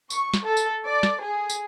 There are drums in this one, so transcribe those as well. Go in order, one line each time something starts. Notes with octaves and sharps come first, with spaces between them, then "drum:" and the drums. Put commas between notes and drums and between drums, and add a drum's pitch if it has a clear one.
C#6, drum: tambourine
drum: snare
A4
drum: tambourine
D5
drum: snare
G#4
drum: tambourine